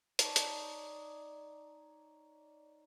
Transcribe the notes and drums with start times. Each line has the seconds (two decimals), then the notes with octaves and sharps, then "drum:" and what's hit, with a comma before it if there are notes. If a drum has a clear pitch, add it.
0.19 D#4 C#5 D5 A5, drum: hi-hat
0.36 drum: hi-hat